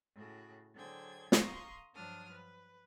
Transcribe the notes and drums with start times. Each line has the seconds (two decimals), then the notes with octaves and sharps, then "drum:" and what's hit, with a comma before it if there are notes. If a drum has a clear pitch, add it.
0.15 A2 C#3 F#4
0.75 D3 F#3 G#4 C5 G5 G#6
1.32 F5 A#5 C6 C#6 D#6, drum: snare
1.94 G2 F3 F#3 D4 D#6 F6
2.31 B4